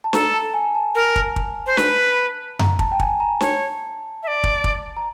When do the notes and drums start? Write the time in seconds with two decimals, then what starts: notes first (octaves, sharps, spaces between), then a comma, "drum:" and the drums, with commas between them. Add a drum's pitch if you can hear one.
0.04 A5
0.13 A4 A#5, drum: snare
0.34 A5
0.54 G#5
0.75 A5
0.95 A#4
1.16 drum: kick
1.36 drum: kick
1.67 C5
1.77 B4, drum: snare
2.59 A#5, drum: tom F#2
2.79 A5, drum: kick
2.92 G5
3.00 G#5, drum: kick
3.20 A#5
3.41 C#5 A5, drum: snare
4.23 E5
4.28 D5
4.44 drum: kick
4.64 drum: kick
4.97 A#5